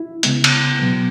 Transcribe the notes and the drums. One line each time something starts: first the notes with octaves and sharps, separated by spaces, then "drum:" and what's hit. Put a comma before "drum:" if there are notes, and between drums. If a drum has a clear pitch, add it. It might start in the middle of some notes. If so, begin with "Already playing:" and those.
Already playing: E4
C#3 G#3 B3, drum: hi-hat
drum: cymbal
B2 F#3 B3